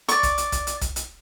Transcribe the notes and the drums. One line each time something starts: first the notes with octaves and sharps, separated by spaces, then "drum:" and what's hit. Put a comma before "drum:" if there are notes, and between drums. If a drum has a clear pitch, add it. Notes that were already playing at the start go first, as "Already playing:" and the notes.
D5 C#6, drum: hi-hat
drum: kick, hi-hat
drum: hi-hat
drum: kick, hi-hat
drum: hi-hat
drum: kick, hi-hat
drum: hi-hat